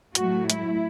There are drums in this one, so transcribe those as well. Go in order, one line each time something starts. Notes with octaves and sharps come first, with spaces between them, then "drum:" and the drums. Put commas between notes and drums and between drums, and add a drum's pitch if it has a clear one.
A2 F#3 A3 F#4, drum: hi-hat
E4, drum: hi-hat